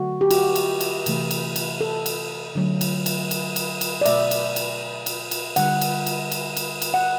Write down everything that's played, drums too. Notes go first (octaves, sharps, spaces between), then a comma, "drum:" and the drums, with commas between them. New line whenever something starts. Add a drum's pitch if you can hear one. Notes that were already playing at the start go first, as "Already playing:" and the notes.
Already playing: D3 F#3 A3 F#4
G4
F#4, drum: cymbal
drum: cymbal
drum: cymbal
C3 E3 A3, drum: cymbal
drum: cymbal
drum: cymbal
A4
drum: cymbal
D3 F#3 A3
drum: cymbal
drum: cymbal
drum: cymbal
drum: cymbal
drum: cymbal
D5
B2 A3 E5, drum: cymbal
drum: cymbal
drum: cymbal
drum: cymbal
drum: cymbal
D3 G3 F#5, drum: cymbal
drum: cymbal
drum: cymbal
drum: cymbal
drum: cymbal
drum: cymbal
F#5